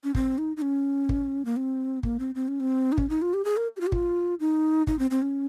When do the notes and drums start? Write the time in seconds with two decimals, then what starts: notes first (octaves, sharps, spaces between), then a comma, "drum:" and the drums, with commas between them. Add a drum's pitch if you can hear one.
0.04 C#4
0.15 C4, drum: kick
0.38 D#4
0.57 D#4
0.62 C#4
1.09 drum: kick
1.45 A#3
1.57 C4
2.03 A#3, drum: kick
2.19 C4
2.35 C4
2.48 C#4
2.60 C4
2.92 D#4
2.98 C#4, drum: kick
3.10 D#4
3.22 F4
3.34 G4
3.45 G#4
3.57 A#4
3.77 G4
3.81 F4
3.87 G4
3.92 F4, drum: kick
4.40 D#4
4.87 D#4, drum: kick
4.99 C4
5.11 C4
5.22 C#4